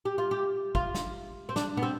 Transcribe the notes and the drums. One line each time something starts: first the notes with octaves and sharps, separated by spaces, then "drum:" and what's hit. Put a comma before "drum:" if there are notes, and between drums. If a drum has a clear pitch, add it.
G4
F4
G4
F4, drum: kick
drum: snare
C4
D4, drum: snare
B3, drum: tom
C4